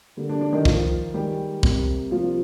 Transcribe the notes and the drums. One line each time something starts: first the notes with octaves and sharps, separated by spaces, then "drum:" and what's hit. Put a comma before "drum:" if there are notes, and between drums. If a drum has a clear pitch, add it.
D3 G3 A#3
D4
D4
D#3 D#4
D#3 F3 A#3 F4, drum: kick
D#3 G3 G#3 G4
C3 G3 A#3, drum: kick
C3 F3 G3 A#3 F4